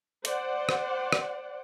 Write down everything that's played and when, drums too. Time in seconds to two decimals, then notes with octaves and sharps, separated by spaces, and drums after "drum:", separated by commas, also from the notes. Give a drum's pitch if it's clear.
0.25 C5 D5 F#5, drum: hi-hat
0.69 drum: rim click
1.13 drum: rim click